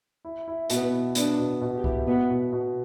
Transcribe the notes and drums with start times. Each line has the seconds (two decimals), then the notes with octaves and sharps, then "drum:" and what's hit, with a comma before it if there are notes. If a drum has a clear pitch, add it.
0.25 E4
0.48 E4
0.70 B2 B3, drum: hi-hat
0.93 E4
1.15 B3 D4, drum: hi-hat
1.38 B2
1.61 B2
1.76 G4
1.84 E4, drum: kick C2
2.07 B2 B3
2.30 B2
2.52 B2